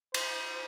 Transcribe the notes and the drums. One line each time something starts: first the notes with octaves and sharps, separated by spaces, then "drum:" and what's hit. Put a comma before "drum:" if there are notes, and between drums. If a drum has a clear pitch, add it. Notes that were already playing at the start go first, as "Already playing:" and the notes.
C5, drum: cymbal